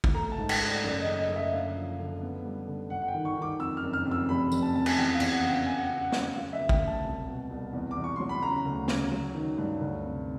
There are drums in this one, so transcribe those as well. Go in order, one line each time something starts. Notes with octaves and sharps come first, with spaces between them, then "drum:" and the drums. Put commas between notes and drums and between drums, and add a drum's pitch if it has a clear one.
drum: kick
A3 A#5
A5
G#2
G5, drum: cymbal
A3
D5
F#1 D5
D#5
F#1
D#5
F#1
E5
D3 F5
F3
D3
B3
G3
D3
G1 F#5
F#5
G5
D#3
C#6
D#3
D6
F2 E6
F6
F#1
F6
F2
E6
F1 B5
F1, drum: tambourine
A5
F2 A5
G#5, drum: cymbal
E2 G5
F5
E2, drum: cymbal
F#5
C#3
G5
C#3 G#5
F#5
G5
C#3
F#5
C#3, drum: snare
F#5
F#3 F5
E5
D2
G5, drum: kick
D2
A5
C2
B2
C2
E2
D6
E2
C#6
F#3 C6
B5
C#3 A#5
D2
C#3, drum: snare
F#3
D#3
G2
D2
C3